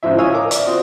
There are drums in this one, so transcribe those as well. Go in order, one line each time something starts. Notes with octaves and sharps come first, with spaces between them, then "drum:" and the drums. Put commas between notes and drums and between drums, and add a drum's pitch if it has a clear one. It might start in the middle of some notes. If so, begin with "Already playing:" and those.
A1 G#2 F3 E4 E5
C#5 D#5 F5 G#5 D#6 E6
A#4 D6 D#6
D5 E5, drum: hi-hat
C4 F4 F#4 D#5